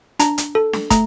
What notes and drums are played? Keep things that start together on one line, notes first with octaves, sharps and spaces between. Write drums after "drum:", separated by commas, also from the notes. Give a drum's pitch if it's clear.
D4 A#5, drum: hi-hat
drum: hi-hat
A4
drum: snare D4
A3 A#5, drum: kick, hi-hat